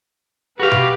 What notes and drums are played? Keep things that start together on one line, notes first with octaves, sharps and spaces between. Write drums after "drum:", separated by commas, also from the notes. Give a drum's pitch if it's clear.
F#4 G4 B4 F5
drum: tom B2